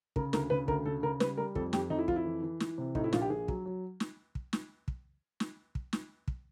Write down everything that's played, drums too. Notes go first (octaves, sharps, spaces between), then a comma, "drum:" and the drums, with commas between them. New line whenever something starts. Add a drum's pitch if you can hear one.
C#3 A#4, drum: kick
D2 A#4, drum: snare
C#3 B4
D2 A#4, drum: kick
C#3 A4
C#3 A#4
G3 B4, drum: snare
G3 A#4
F2 A4, drum: kick
F2 G4, drum: snare
F2 D#4
E4
F2 F4, drum: kick
E4
E3
E3
E3, drum: snare
C3
A2 D#4, drum: kick
E4
A#1 F4, drum: snare
G4
A#1 G#4
F#3, drum: kick
F#3
drum: snare
drum: kick
drum: snare
drum: kick
drum: snare
drum: kick
drum: snare
drum: kick